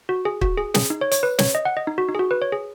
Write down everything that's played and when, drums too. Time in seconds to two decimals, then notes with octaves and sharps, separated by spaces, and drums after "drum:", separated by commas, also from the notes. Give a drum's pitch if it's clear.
0.09 F#4
0.25 G#4
0.41 F#4, drum: kick
0.58 G#4
0.74 G#4, drum: snare
0.90 D#4
1.01 C#5
1.12 C#5, drum: hi-hat
1.23 B4
1.39 C#5, drum: snare
1.55 D#5
1.65 F#5
1.77 D#5
1.87 D#4
1.98 F#4
2.09 D#4
2.15 G#4
2.19 F#4
2.31 B4
2.42 C#5
2.52 G#4